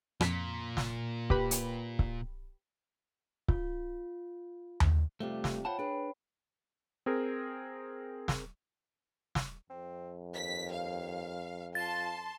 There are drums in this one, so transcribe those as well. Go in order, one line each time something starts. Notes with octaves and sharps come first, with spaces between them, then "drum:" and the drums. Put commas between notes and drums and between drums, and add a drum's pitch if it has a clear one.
F2 A#2 B6, drum: rim click
drum: snare
G4 B4 B5, drum: kick C#1
drum: hi-hat
drum: kick C#1
F4, drum: kick C#1
drum: tom D#2
F2 C3 G3 A3
drum: snare
F4 C5 C#5 F#5 G5 A5 B5
D4 G#4 B4
C4 G#4 A#4
drum: snare
drum: snare
F2 C4
D#2 B6
F5
F4 A5 C6 A6